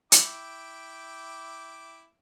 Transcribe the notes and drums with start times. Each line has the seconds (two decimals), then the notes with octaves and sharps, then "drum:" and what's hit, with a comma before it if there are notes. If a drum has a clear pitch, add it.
0.12 E4 G5 D6, drum: hi-hat